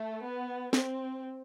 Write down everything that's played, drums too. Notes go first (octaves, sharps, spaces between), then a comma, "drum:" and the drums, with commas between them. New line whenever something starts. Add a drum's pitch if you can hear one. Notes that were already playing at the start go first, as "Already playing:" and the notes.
Already playing: A3
B3
C4, drum: snare